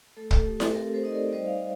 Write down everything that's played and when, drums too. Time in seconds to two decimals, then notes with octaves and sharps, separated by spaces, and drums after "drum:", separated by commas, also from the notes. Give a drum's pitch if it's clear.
0.17 A3 A4
0.31 A4, drum: kick
0.46 A3 G4
0.60 A4, drum: snare E4
0.74 C4 G4 A#4
0.93 A4 C5
1.03 D#4 D#5
1.12 A#4 D5
1.28 D5
1.32 G3 C5 D#5
1.46 D5 F5